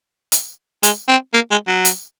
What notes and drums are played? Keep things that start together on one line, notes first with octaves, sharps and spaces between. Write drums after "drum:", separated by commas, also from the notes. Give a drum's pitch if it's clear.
drum: hi-hat
G#3, drum: hi-hat
C4
A#3
G#3
F#3
drum: hi-hat